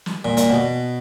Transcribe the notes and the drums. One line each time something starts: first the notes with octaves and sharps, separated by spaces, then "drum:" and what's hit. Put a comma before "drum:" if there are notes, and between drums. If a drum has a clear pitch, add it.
drum: snare
A#2
A#2, drum: hi-hat
B2